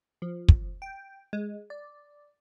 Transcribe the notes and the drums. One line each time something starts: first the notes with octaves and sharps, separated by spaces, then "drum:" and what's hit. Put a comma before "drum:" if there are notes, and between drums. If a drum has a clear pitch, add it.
F3
drum: kick
G5
G#3
D5